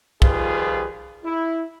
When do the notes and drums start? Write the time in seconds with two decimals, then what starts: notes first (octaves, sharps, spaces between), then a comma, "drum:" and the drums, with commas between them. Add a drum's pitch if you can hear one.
0.22 D#3 F3 G3 F4 G#4 B4, drum: kick
1.23 E4